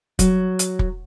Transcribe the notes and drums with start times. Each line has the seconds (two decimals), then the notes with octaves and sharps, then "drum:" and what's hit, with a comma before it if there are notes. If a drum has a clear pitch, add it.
0.19 F#3, drum: kick, hi-hat
0.59 drum: hi-hat
0.79 drum: kick